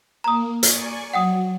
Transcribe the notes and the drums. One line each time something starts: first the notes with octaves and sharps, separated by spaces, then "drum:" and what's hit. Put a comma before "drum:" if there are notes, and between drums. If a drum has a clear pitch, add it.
A#3 A#5 D#6
D5 G#5 C#6, drum: hi-hat
F#3 F#5 G5 D#6